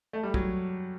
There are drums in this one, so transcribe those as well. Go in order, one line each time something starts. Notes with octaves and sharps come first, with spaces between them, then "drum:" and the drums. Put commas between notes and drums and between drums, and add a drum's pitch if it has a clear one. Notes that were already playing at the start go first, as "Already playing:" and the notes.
A3
G3
F#3, drum: kick